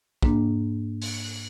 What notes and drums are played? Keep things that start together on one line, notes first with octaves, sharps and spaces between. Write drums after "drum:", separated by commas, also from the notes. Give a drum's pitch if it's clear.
G#2 A#3 D4, drum: kick
drum: open hi-hat